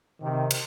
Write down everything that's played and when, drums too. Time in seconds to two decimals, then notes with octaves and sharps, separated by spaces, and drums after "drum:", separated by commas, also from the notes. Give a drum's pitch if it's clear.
0.22 C3 D#3
0.51 drum: cymbal